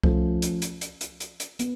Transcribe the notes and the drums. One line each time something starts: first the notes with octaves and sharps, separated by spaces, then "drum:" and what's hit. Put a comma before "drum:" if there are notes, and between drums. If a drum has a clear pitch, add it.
F3 A3 C#4, drum: kick C2
drum: hi-hat
drum: hi-hat
drum: hi-hat
drum: hi-hat
drum: hi-hat
drum: hi-hat
B3, drum: hi-hat